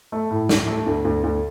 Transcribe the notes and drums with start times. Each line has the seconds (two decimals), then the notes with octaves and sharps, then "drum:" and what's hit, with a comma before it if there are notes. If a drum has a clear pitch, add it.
0.12 A3
0.30 A2
0.49 A2, drum: snare
0.67 A3
0.87 D2
1.05 D2
1.24 D2